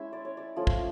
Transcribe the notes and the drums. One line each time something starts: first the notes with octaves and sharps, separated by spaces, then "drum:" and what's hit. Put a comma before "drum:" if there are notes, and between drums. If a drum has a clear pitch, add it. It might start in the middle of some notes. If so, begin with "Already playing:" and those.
Already playing: G#3 C#4 E4 E5
D5
C#5
D5
F3 A3 C#4
drum: kick